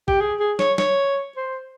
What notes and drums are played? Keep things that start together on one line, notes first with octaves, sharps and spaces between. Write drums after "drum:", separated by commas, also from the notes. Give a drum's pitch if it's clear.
G4, drum: kick
G#4
G#4
C#5, drum: snare
C#5, drum: snare
C5